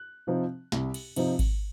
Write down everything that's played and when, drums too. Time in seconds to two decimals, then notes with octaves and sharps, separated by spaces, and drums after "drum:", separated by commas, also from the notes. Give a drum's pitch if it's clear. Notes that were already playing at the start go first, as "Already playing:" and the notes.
Already playing: F#6
0.27 C3 F3 C4 D#4
0.72 C2, drum: snare
0.94 drum: cymbal
1.16 C3 F3 C4 D#4, drum: cymbal
1.39 drum: kick G#1, cymbal